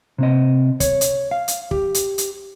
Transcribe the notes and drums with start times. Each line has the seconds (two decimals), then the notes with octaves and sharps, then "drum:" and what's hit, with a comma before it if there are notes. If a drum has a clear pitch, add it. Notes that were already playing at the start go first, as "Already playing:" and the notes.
0.18 C3 C4 D#5
0.80 C#5, drum: kick, hi-hat
1.01 drum: hi-hat
1.31 F5
1.48 drum: hi-hat
1.71 G4, drum: kick
1.94 drum: hi-hat
2.18 drum: hi-hat